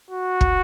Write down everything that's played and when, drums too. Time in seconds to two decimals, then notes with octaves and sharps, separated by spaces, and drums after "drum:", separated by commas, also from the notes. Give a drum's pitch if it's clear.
0.11 F#4
0.41 drum: kick